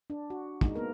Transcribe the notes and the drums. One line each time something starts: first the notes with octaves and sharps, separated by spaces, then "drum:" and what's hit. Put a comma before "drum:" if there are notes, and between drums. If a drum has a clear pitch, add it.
D4
F#4
G#3 D#4, drum: kick
A#3 B3 A#4